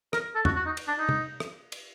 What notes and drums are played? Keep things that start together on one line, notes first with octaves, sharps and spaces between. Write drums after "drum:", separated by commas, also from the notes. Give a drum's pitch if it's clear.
A#4, drum: rim click
A4
F#4, drum: tom
F#4
D#4
drum: cymbal
D4
D#4
drum: tom
drum: rim click
drum: cymbal